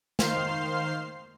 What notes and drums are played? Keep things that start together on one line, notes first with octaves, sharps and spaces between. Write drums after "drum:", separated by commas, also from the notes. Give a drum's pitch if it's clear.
D#3 C5 F5 C6 F6 C7, drum: snare